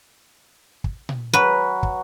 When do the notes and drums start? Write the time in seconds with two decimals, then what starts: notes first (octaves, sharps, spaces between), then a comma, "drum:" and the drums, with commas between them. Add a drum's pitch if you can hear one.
0.84 drum: kick
1.09 drum: tom A#2
1.33 F#3 F#4 B4 G#5
1.83 drum: kick